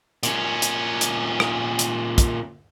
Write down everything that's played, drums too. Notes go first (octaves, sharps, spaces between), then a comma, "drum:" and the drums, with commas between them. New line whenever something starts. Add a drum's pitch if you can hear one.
A#2 C#4, drum: hi-hat
drum: hi-hat
drum: hi-hat
drum: rim click
drum: hi-hat
drum: kick, hi-hat